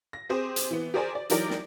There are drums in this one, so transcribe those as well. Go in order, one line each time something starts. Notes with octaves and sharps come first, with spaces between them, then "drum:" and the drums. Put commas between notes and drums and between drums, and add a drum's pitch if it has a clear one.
A#6
C4 G4 G#4 C5
drum: hi-hat
E3 B3
G4 G#4 A#4 C5 D5 G#5
D5
E3 F#3 D#4 G4 A#4 D5, drum: hi-hat
drum: snare